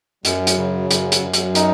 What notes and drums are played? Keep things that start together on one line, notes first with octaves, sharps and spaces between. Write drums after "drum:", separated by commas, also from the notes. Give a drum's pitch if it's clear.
F#2 F#3, drum: hi-hat
drum: hi-hat
C#3
F#2, drum: hi-hat
drum: hi-hat
F#2
drum: hi-hat
D#4, drum: hi-hat